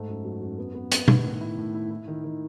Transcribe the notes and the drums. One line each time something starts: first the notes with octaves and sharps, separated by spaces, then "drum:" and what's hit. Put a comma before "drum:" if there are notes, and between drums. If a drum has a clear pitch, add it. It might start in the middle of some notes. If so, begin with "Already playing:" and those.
Already playing: G#2 A3
F#2
F#3
F#2
B3
B3
B3, drum: hi-hat
D#3, drum: tom B2
A2
E4
A2
E4
E4
D#3
D#3